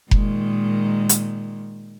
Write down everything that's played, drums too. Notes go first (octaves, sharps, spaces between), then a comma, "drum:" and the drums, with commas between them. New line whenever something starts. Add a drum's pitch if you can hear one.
A#2 D#3 G#3, drum: kick F1
drum: hi-hat